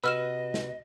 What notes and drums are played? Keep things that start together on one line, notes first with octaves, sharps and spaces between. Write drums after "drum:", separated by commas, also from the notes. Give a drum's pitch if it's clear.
C3 F#4 B4 D#5 F#5 E6 F6 E7
drum: snare